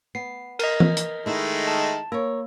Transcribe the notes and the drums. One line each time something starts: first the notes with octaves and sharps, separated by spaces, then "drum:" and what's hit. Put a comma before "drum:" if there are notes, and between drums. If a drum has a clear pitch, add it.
B3 C7
A#4 D#5, drum: cymbal
drum: tom E3
drum: hi-hat
D#3 G#3 A3 D#4 E4
A5
A#3 A#4 C#5